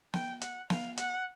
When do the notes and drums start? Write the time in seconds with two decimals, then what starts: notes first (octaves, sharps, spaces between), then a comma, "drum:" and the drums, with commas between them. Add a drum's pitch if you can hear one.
0.14 G5, drum: snare
0.41 F#5, drum: hi-hat
0.70 F5, drum: snare
0.97 F#5, drum: hi-hat